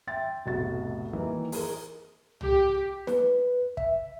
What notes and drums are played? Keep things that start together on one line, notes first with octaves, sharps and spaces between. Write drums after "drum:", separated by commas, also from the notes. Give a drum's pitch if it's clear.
E5 G5 C6 A6
F1 B1 A2 F#4 A6
D#3 E3 F#3 A#3
G#4 A#4, drum: open hi-hat
G4, drum: tom
B4, drum: snare
E5, drum: kick